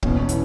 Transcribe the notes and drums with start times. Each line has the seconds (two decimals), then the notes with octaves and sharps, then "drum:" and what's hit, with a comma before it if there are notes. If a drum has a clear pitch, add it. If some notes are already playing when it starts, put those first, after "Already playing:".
0.03 E1 E2 B2 C#4, drum: kick
0.20 C#4
0.29 E4, drum: hi-hat